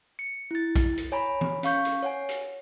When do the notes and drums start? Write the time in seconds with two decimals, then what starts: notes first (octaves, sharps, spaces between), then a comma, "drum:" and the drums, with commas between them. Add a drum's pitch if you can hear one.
0.19 C#7
0.51 E4 A6
0.76 drum: kick, hi-hat
0.97 drum: hi-hat
1.12 C#5 G#5 A#5 B5
1.41 drum: tom E3
1.63 C#4 F5 C#6 G6, drum: hi-hat
1.85 drum: hi-hat
2.02 C#5 F#5 G#5
2.29 drum: hi-hat